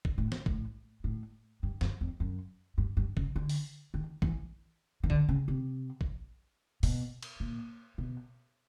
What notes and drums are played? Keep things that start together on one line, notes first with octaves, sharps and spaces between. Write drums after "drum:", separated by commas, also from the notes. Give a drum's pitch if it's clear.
drum: kick A#1
A2
drum: snare
A2, drum: kick A#1
A2
G2
F#2, drum: snare
F2
F#2
G2
G2
C#3, drum: kick A#1
D3
drum: open hi-hat
D#3
E3, drum: kick A#1
D#3
D3, drum: kick A#1
C#3
C3
drum: kick A#1
B2, drum: open hi-hat
drum: cymbal
A#2
B2